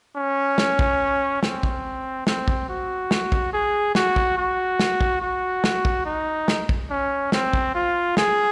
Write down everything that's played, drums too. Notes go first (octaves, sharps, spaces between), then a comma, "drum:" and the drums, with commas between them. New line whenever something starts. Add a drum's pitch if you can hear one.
C#4
drum: snare
drum: kick
C4, drum: snare
drum: kick
C4, drum: snare
drum: kick
F#4
drum: snare
drum: kick
G#4
F#4, drum: snare
drum: kick
F#4
drum: snare
drum: kick
F#4
drum: snare
drum: kick
D#4
drum: snare
drum: kick
C#4
C4, drum: snare
drum: kick
F4
G#4, drum: snare